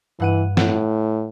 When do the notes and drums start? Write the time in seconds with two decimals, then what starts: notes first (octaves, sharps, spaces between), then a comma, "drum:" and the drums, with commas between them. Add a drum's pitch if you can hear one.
0.20 G2 E3 F#5 D#7
0.57 A2 F#5, drum: snare